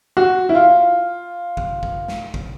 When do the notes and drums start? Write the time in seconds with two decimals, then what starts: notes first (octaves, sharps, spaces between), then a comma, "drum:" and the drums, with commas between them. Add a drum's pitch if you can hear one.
0.17 F#4
0.49 E4
0.55 F4
1.57 drum: kick G#1
1.83 drum: kick G#1
2.08 drum: snare
2.34 drum: kick G#1